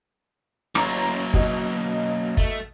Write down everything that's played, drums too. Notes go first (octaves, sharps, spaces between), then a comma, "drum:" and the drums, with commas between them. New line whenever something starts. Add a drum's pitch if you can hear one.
A1 F#3 A#3 A#5, drum: rim click
B2 D#4, drum: kick
A3, drum: kick